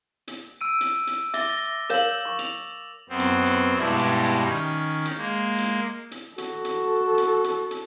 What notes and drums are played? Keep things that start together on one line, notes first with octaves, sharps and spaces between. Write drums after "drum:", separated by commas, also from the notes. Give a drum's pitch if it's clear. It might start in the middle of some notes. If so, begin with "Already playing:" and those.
drum: hi-hat
E6 D7 D#7
drum: hi-hat
drum: hi-hat
E5 D6 A6 G7, drum: hi-hat
A#6
A#4 C#5 F5 E7 F#7, drum: hi-hat
C#6
F7, drum: hi-hat
F#2 B3 C4
drum: hi-hat
drum: hi-hat
G2 B2 G3 G#3 E4
drum: hi-hat
drum: hi-hat
D#3 C#4
drum: hi-hat
G#3 A#3
drum: hi-hat
drum: hi-hat
F#4 A4, drum: hi-hat
drum: hi-hat
drum: hi-hat
drum: hi-hat
drum: hi-hat